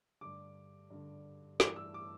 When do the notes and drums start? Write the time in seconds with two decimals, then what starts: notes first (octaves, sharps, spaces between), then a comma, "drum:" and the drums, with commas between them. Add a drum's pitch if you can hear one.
0.21 G2 D3 D6
0.90 G2 D3
1.60 G2 E3 D6, drum: snare
1.76 E6
1.94 D6